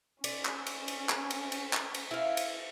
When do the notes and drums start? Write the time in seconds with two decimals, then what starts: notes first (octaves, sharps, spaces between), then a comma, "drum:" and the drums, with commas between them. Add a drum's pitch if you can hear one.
0.24 C#4 D5, drum: cymbal
0.45 drum: clap
0.67 drum: cymbal
0.88 drum: cymbal
1.09 drum: clap
1.31 drum: cymbal
1.52 drum: cymbal
1.73 drum: clap
1.95 drum: cymbal
2.11 E4 F5
2.37 drum: cymbal